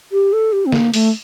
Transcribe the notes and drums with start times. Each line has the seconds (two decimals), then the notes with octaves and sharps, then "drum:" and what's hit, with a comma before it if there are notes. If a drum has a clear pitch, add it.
0.12 G4
0.33 A4
0.53 G4
0.66 C4
0.72 A#3, drum: snare
0.94 A3, drum: open hi-hat